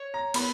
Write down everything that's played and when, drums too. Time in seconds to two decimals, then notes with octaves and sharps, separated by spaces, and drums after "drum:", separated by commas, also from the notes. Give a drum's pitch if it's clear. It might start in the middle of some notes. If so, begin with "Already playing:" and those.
Already playing: C#5
0.14 A#5
0.34 B3 B5, drum: cymbal